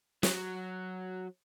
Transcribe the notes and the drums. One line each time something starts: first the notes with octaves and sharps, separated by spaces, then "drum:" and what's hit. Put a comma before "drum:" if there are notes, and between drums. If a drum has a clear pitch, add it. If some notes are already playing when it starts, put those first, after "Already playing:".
F#3, drum: snare